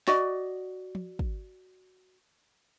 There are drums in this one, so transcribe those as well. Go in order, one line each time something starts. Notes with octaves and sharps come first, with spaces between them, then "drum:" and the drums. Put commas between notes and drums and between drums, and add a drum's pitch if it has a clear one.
F#4 D5 D#5, drum: snare
drum: tom F3
drum: kick